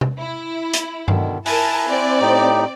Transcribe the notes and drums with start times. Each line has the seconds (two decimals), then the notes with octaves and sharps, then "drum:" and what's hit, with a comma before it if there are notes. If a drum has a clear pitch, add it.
0.01 drum: tom C3
0.19 E4
0.73 drum: hi-hat
1.08 B2 D3 D#3, drum: tom G2
1.46 E4 A#4 G#5 A5 F#6, drum: open hi-hat
1.88 C4 D5
2.21 A2 D#4 G4